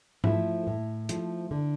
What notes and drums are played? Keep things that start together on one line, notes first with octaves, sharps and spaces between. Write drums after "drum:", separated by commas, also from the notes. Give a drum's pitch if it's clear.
F3 A3 E4, drum: tom G#2
A2
F3 A3, drum: hi-hat
D3